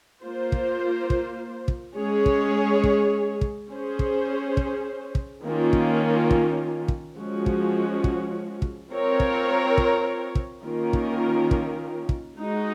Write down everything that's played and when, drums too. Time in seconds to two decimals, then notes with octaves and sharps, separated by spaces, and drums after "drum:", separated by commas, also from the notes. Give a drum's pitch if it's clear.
0.23 A#3 F4 C5
0.52 drum: kick
1.10 drum: kick
1.68 drum: kick
1.97 G#3 C#4 G#4 C#5
2.26 drum: kick
2.84 drum: kick
3.41 drum: kick
3.70 C#4 G#4 C5
3.99 drum: kick
4.57 drum: kick
5.15 drum: kick
5.44 D#3 A#3 C#4 F4
5.73 drum: kick
6.31 drum: kick
6.88 drum: kick
7.17 F3 G#3 C#4 F#4
7.46 drum: kick
8.04 drum: kick
8.62 drum: kick
8.91 C4 F4 A#4 C#5
9.20 drum: kick
9.78 drum: kick
10.35 drum: kick
10.65 D#3 A#3 C#4 F4 A#4
10.93 drum: kick
11.51 drum: kick
12.09 drum: kick
12.38 G#3 D#4 F#4